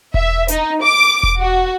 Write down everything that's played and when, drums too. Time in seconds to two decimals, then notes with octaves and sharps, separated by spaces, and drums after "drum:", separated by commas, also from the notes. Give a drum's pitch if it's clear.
0.14 E5, drum: kick E1
0.48 D#4, drum: hi-hat
0.82 D6
1.23 drum: kick E1
1.40 F#4